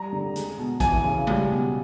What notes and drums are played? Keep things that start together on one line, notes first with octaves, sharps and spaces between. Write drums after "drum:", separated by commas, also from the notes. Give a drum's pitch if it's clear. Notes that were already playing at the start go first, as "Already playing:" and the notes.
Already playing: G3 A#5
D3
G#3, drum: hi-hat
B2
E3 G#5, drum: kick, hi-hat
C#3
G3, drum: tom G#3
B2